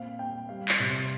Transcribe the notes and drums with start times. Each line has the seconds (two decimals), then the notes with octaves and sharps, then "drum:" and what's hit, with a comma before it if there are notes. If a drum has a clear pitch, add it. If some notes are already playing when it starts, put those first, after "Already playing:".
Already playing: A#2 C4 F5
0.19 A#2 G5
0.49 G3 F5
0.68 C6, drum: clap
0.79 C3
0.89 C6